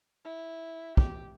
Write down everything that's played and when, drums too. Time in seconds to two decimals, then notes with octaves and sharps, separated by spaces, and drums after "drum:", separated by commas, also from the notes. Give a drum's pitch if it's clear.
0.25 E4
0.97 G4, drum: kick